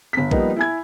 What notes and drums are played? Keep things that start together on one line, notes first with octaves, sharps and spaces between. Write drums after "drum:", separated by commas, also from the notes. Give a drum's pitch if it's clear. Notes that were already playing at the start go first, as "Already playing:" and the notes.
G1 B6
F3 G3 A#3 B3 D#4, drum: kick
E4 G#5 G#6